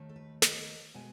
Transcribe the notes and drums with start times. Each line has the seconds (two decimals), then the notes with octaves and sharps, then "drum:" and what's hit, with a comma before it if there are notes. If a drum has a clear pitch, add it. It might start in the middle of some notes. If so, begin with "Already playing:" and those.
Already playing: D#2 D#3 A3
0.09 A4
0.16 B4
0.42 D#5, drum: snare
0.94 B2 G#3 B3 G#5